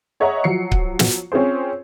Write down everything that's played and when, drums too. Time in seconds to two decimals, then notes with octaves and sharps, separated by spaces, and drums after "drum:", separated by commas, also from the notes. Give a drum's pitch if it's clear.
0.20 G#4 C#5 D#5 E5 F#5 A#5
0.44 F3 F#3 C7 C#7
0.72 drum: kick C#1
0.99 drum: snare
1.32 C4 C#4 F4 G#4 C5